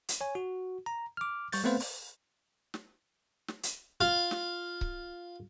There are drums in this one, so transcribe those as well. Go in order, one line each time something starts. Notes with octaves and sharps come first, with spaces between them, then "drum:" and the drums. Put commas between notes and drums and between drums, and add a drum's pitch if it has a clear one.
drum: hi-hat
C#5 G#5
F#4
A#5
D6 F6
G3 C#6 G6 A6, drum: open hi-hat
A3 B3 C4 B4 C5 F5
drum: open hi-hat
drum: snare
drum: snare
drum: hi-hat
F4
drum: snare
drum: kick C#1